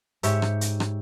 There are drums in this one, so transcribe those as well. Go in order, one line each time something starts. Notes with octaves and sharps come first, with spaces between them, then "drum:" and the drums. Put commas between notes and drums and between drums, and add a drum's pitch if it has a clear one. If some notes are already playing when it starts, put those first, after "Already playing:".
G#2 G4 C#5 E5 C#6, drum: hi-hat
drum: rim click
drum: hi-hat
drum: rim click